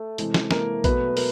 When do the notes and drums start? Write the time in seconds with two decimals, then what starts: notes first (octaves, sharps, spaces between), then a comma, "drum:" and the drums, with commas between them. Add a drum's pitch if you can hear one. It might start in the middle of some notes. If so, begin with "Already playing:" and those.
Already playing: A3 A4
0.18 C3 E3 G#3, drum: hi-hat
0.34 drum: snare
0.51 A#3 A#4, drum: snare
0.84 B2 F#3 A3 B3 B4, drum: kick A#1, hi-hat
1.08 B4
1.17 A#4, drum: open hi-hat